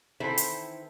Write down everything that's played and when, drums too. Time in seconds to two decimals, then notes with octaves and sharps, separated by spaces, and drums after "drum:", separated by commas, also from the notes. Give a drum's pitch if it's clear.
0.20 D#3 E3 C4 E4 A4 C5
0.38 drum: hi-hat